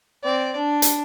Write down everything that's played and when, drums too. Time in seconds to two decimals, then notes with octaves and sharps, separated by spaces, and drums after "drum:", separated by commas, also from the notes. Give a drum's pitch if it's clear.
0.24 C4 D5
0.56 D4
0.82 drum: hi-hat